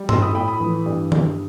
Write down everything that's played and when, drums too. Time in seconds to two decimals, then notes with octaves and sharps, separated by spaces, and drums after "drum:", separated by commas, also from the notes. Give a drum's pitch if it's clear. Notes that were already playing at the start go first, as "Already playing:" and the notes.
Already playing: G3
0.09 A2 C6 E6, drum: tom G2
0.22 B5 D#6
0.34 A2 G5 B5
0.48 B5 D#6
0.60 E3
0.86 G2
1.12 G2, drum: tom D#3